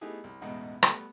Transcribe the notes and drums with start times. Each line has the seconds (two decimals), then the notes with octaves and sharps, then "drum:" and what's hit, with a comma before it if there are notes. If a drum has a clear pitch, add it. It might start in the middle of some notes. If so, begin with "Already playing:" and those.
0.01 A3 B3 D#4 E4 G4 G#4
0.24 C2
0.42 A1 E2 G#2 B2 D#4 F#5
0.83 G3 A3 B3, drum: rim click